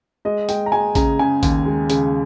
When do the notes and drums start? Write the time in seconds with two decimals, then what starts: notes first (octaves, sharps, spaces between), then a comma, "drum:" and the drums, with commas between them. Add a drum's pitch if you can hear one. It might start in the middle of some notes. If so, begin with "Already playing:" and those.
0.25 G#3 D#5
0.49 G#3 G5, drum: hi-hat
0.66 A#5
0.72 G#3 G#5
0.95 C#3 A#5, drum: kick A1, hi-hat
1.19 C#3 G#5
1.43 D#2, drum: kick A1, hi-hat
1.66 G#3
1.90 C#3, drum: hi-hat